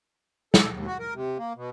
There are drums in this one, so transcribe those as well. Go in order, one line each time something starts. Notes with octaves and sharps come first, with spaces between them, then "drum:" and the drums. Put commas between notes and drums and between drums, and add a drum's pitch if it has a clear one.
A4, drum: snare
D#2
F#4
A#4
C3
A#3
B2